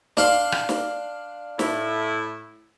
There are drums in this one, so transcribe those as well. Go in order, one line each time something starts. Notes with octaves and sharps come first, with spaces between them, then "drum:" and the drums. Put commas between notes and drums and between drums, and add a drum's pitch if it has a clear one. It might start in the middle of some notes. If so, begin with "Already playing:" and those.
D4 F5 C6, drum: snare
drum: rim click
drum: snare
A2 E4, drum: snare